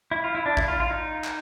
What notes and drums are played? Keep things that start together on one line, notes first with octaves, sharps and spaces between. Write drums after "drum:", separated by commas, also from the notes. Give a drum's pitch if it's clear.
E4
F4
E4
D4
E4, drum: kick A1
F4
F4
D#4
drum: clap